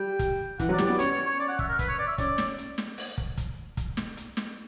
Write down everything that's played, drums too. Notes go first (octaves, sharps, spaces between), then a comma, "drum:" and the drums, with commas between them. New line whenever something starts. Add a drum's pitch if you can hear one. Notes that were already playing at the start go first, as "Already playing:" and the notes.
Already playing: G3 G5
drum: kick, hi-hat
E3 F#5, drum: kick, hi-hat
F#3
D5
G3, drum: snare
B3 D5
C#4 C#5, drum: hi-hat
C#5
C#5
D5
F#5
E5, drum: kick
A#4
B4, drum: kick, hi-hat
C#5
D5
E5
C#4 D5, drum: kick, hi-hat
drum: snare
drum: hi-hat
drum: snare
drum: open hi-hat
drum: kick
drum: kick, hi-hat
drum: kick, hi-hat
drum: snare
drum: hi-hat
drum: snare